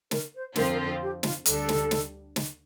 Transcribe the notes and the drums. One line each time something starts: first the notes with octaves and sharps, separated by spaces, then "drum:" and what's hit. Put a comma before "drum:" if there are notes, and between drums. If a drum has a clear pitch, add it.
A#4, drum: snare
C5
F2 D3 F3 C4 F4 A#4, drum: snare
A#4
A4
G4
F4, drum: snare
D2 D3 G3 D4 A4, drum: hi-hat
drum: snare
drum: snare
drum: snare